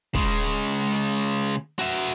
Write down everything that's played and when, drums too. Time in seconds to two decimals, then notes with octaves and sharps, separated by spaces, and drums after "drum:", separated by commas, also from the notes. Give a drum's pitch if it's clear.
0.14 C#3 G#3, drum: kick
0.93 drum: hi-hat
1.79 F#4 E5, drum: hi-hat